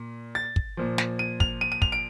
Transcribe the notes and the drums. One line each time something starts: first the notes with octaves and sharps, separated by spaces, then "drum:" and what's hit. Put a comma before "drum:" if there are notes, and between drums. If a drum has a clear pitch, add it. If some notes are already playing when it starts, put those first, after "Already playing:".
Already playing: A#2
A6
drum: kick
A#2 F3
drum: snare
D#7
F7, drum: kick
D#7
D#7
F7, drum: kick
D7